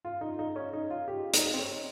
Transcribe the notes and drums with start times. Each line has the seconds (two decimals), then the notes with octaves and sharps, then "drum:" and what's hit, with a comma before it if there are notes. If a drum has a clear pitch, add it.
0.05 F4
0.21 D#4
0.39 D#4
0.56 C#4
0.73 D#4
0.90 F4
1.08 G4
1.33 D#4, drum: hi-hat
1.54 C4
1.59 C#4